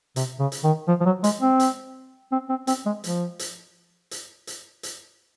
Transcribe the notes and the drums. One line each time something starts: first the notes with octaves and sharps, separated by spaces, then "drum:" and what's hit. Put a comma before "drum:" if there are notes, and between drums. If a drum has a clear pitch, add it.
C3, drum: hi-hat
C#3
drum: hi-hat
D#3
F3
F3
F#3
G#3, drum: hi-hat
C4
drum: hi-hat
C4
C4
C4, drum: hi-hat
G#3
F3, drum: hi-hat
drum: hi-hat
drum: hi-hat
drum: hi-hat
drum: hi-hat